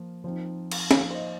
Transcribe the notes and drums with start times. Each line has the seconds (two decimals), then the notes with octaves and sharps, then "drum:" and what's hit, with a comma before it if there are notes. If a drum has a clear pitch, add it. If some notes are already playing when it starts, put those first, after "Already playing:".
Already playing: F3 A#3
0.24 F3 C4 D#4
0.72 drum: cymbal
0.91 G#5, drum: snare C#4
0.96 F3 A#3 D#4 F5
1.11 C5
1.15 D#5